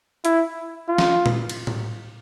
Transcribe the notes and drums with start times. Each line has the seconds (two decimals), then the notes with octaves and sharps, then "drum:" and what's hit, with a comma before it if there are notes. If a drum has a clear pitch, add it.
0.25 E4, drum: hi-hat
0.89 F4
0.98 drum: snare
1.26 drum: tom A#2
1.49 drum: cymbal
1.67 drum: tom A2